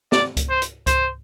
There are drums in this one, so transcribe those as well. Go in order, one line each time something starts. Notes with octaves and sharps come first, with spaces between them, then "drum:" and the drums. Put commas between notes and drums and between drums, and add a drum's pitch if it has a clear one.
D5, drum: snare
drum: kick C#2, hi-hat
C5
drum: hi-hat
C5, drum: kick C#2, hi-hat